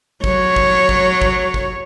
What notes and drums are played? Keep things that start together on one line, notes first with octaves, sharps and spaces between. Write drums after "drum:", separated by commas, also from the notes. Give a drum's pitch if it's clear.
F#3 C#5, drum: kick
drum: kick
drum: kick
drum: kick
drum: kick